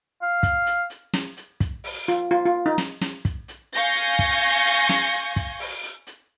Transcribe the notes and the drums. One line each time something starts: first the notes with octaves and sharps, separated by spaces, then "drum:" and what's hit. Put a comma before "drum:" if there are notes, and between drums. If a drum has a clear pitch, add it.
F5
drum: kick, hi-hat
drum: hi-hat
drum: hi-hat
drum: snare
drum: hi-hat
drum: kick, hi-hat
drum: open hi-hat
F4, drum: hi-hat
F4
F4
D#4
drum: snare
drum: snare
drum: kick, hi-hat
drum: hi-hat
F5 G#5 C#6 G6 A#6, drum: hi-hat
drum: hi-hat
drum: kick, hi-hat
drum: hi-hat
drum: snare
drum: hi-hat
drum: kick, hi-hat
drum: open hi-hat
drum: hi-hat
drum: hi-hat